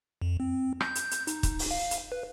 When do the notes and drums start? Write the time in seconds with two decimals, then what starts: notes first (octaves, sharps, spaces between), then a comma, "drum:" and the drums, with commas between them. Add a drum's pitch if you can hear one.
0.22 F2
0.40 C4
0.81 G6, drum: rim click
0.95 drum: hi-hat
1.11 drum: hi-hat
1.27 D#4, drum: hi-hat
1.43 drum: kick, hi-hat
1.59 drum: open hi-hat
1.71 F5
1.91 drum: hi-hat
2.12 B4